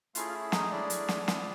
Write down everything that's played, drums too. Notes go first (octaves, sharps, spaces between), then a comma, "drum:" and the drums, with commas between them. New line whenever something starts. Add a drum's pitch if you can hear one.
A3 C#4 E4 F4 G#4 F5, drum: hi-hat
F5
E4 E5
D#4 D#5, drum: snare
A3 C#4 D4 E4 G#4 D5
drum: hi-hat
drum: snare
C4 F4 G#4, drum: snare